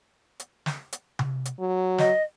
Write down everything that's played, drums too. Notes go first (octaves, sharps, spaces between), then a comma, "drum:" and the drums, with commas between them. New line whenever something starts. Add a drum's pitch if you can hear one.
drum: hi-hat
drum: snare
drum: hi-hat
drum: tom C3
drum: hi-hat
F#3
D#5, drum: snare